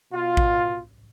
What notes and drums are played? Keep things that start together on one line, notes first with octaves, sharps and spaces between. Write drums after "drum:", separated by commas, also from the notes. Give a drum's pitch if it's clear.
B2 F4
drum: kick A1